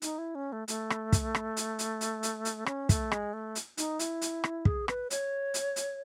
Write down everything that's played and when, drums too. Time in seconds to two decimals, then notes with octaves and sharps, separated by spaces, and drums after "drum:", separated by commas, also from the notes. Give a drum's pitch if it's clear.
0.02 D#4, drum: hi-hat
0.18 E4
0.35 C#4
0.52 A3
0.68 A3, drum: hi-hat
0.90 drum: rim click
1.12 drum: kick, hi-hat
1.35 drum: rim click
1.57 drum: hi-hat
1.79 drum: hi-hat
2.01 drum: hi-hat
2.23 drum: hi-hat
2.45 drum: hi-hat
2.66 C#4, drum: rim click
2.89 A3, drum: kick, hi-hat
3.12 G#3, drum: rim click
3.33 A3
3.55 drum: hi-hat
3.77 D#4, drum: hi-hat
3.99 E4, drum: hi-hat
4.22 drum: hi-hat
4.44 drum: rim click
4.65 G#4, drum: kick
4.88 B4, drum: rim click
5.10 C#5, drum: hi-hat
5.54 drum: hi-hat
5.76 drum: hi-hat